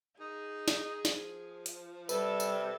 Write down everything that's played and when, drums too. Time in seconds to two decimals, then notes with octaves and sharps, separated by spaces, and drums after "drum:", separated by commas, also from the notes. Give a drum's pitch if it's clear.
0.20 D#4 G#4
0.68 drum: snare
1.05 F3, drum: snare
1.66 drum: hi-hat
2.09 C3 G3 A4 B4, drum: tambourine
2.40 drum: tambourine